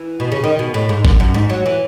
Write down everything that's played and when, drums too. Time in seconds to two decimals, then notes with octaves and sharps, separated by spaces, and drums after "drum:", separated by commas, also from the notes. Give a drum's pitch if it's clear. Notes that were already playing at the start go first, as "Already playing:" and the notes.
Already playing: E3
0.20 B2
0.32 C#3
0.44 D#3
0.59 B2
0.74 A2
0.89 G#2
1.05 F#2, drum: kick
1.20 F#2
1.34 G#2
1.50 F#3
1.66 E3